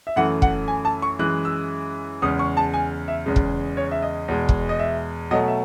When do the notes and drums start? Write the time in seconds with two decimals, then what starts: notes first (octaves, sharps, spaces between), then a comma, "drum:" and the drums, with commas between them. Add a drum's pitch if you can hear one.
0.07 E5
0.16 F#2 E3 A3 F#5
0.42 F#5, drum: kick
0.68 G#5
0.85 A5
1.02 C#6
1.19 F#2 E3 G#3 F#6
1.45 E6
2.22 E2 C#3 G#3 D#6
2.39 C#6
2.57 A5
2.74 G#5
3.08 E5
3.26 E2 C#3 G#3
3.36 drum: kick
3.77 C#5
3.91 E5
4.02 D#5
4.28 E2 B2 G#3
4.49 drum: kick
4.69 D#5
4.79 E5
5.31 B2 F#3 A3 D#5
5.48 E5